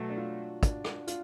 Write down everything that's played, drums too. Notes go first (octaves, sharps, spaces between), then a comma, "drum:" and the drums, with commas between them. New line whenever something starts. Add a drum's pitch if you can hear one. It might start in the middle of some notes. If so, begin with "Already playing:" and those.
Already playing: B2 F#3 A3 F#4
D4
F4
D4, drum: kick, hi-hat
drum: rim click
F4, drum: hi-hat